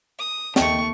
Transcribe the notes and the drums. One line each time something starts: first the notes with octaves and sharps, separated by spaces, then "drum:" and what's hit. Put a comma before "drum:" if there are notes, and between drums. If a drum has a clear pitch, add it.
D#6
D#2 A3 D#5 G5 C#6, drum: snare